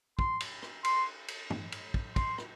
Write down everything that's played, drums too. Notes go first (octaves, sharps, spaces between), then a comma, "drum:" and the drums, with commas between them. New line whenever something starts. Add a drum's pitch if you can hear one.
C6, drum: kick
drum: cymbal
drum: rim click
C6, drum: cymbal
drum: cymbal
drum: tom
drum: cymbal
drum: kick
C6, drum: kick, cymbal
drum: rim click